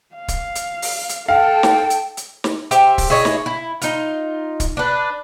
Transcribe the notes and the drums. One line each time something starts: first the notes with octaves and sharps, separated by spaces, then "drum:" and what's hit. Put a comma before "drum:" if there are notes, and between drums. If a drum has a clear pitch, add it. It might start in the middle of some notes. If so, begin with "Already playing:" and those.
F5
drum: kick, hi-hat
drum: hi-hat
drum: open hi-hat
drum: hi-hat
A4 F5 G5 A5
drum: snare
drum: hi-hat
drum: hi-hat
drum: snare
G4 C5 E5, drum: hi-hat
drum: kick, open hi-hat
E4 G#4 C#5 D#5
drum: snare
E4
D#4 F4, drum: hi-hat
drum: kick, hi-hat
D4 B4